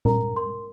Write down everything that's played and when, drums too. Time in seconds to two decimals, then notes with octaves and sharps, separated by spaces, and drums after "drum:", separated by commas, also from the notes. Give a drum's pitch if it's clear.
0.05 A#4 A#5, drum: tom A#2
0.36 A#4 C6